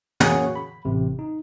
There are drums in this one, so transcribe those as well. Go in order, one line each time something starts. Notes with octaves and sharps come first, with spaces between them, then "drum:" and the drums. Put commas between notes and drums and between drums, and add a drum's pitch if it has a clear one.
A#3 C#4 F#4 G#4 C#5 F#5, drum: tom
B5
A1 C3
D#4